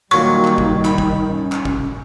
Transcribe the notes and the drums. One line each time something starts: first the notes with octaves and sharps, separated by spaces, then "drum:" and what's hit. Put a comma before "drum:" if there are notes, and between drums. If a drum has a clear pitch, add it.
A#2 D#3 F#3 G3 C#6
drum: clap
drum: kick
B5, drum: clap
drum: kick
C#4
drum: clap
drum: kick